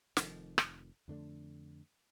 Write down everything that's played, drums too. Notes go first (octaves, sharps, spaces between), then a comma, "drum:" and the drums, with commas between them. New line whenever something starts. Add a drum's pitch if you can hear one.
F1 F2 D#3, drum: snare
drum: rim click
F2 D3 A3 D4